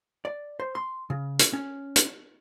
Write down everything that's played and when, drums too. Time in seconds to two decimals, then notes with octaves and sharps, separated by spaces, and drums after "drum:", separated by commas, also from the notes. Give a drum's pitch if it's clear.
0.25 D5
0.60 C5
0.75 C6
1.10 C#3
1.39 drum: hi-hat
1.53 C#4
1.96 drum: hi-hat